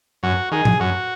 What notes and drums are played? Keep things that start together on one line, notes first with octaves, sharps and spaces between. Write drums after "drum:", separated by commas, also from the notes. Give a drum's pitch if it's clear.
F#2 F#4
D#3 G#4
drum: tom A2
F#2 F#4